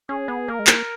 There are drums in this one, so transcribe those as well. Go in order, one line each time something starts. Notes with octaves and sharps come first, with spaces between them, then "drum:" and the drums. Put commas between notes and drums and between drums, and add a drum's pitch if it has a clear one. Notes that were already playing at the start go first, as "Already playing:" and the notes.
C#4 G#4
B3
A#3 A#4
G#3
A#3, drum: clap